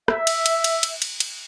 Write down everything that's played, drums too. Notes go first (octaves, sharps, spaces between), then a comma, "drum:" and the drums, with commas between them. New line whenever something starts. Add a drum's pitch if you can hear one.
E5, drum: rim click
drum: cymbal
drum: cymbal
drum: cymbal
drum: cymbal
drum: cymbal
drum: cymbal